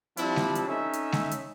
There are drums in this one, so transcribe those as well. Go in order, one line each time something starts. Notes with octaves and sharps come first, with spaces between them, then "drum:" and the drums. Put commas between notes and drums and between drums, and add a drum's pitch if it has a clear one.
F3 G3 C4 D4 E4, drum: hi-hat
drum: snare G#3
drum: hi-hat
C#4 D#4 A4 E5
drum: hi-hat
drum: snare G#3
drum: hi-hat